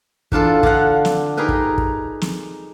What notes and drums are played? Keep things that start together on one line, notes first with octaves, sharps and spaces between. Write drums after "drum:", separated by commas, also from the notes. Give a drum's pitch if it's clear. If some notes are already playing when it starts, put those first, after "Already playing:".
E2 D4 F4 A4, drum: kick
D3 D4 F4 F5 F#5, drum: kick
drum: snare
D#4 G4 G#4 A#4 B4
drum: kick
drum: kick
drum: snare